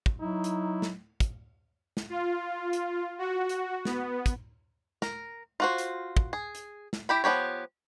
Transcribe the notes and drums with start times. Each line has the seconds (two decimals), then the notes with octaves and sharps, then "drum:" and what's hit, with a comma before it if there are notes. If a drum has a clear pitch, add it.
0.06 drum: kick
0.20 F#3 D#4 E4
0.44 drum: hi-hat
0.82 drum: snare
1.20 drum: kick, hi-hat
1.97 drum: snare
2.10 F4
2.73 drum: hi-hat
3.18 F#4
3.49 drum: hi-hat
3.85 B3, drum: snare
4.26 drum: kick, hi-hat
5.02 A#4, drum: snare
5.60 F4 F#4 C5
5.78 drum: hi-hat
6.17 drum: kick
6.33 G#4
6.55 drum: hi-hat
6.93 drum: snare
7.09 E4 G4 B5
7.24 F3 B3 D#4 G4 C#5